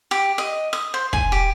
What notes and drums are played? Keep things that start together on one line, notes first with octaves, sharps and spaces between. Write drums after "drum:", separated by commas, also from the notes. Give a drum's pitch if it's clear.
G4
D#5
D#6
C5
G#5, drum: kick
G4